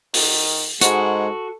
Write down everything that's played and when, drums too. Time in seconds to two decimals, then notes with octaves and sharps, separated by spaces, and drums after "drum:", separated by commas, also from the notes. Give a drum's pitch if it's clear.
0.14 D#3, drum: open hi-hat
0.81 G#2 G#3 F#4 A4, drum: hi-hat